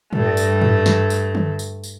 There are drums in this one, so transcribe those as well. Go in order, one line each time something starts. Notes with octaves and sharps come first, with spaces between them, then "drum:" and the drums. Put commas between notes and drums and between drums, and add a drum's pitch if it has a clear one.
G2 A3, drum: tom A2
drum: tambourine
drum: tom G#2
drum: snare
drum: tambourine
drum: tom
drum: tambourine
drum: tambourine